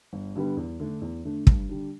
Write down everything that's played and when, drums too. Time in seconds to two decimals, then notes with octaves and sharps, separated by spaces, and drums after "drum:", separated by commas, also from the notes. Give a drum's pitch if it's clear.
0.13 G1
0.36 G2 D3 G3 B3
0.57 E2
0.80 D3 A3 D4
1.01 E2
1.24 D3 A3 D4
1.47 G2, drum: kick
1.69 D3 G3 D4